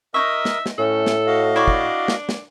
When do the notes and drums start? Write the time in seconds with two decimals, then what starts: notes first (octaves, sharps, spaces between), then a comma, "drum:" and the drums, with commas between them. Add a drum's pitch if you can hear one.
0.14 D#4 E4 A#4 D#5 E5 C#6 D#6
0.45 drum: snare
0.66 drum: snare
0.78 A2 A3 C#4 A4
1.06 drum: snare
1.27 F#4 D#5 F5
1.56 D4 E4 D5 C#6
1.68 drum: kick
2.08 drum: snare
2.29 drum: snare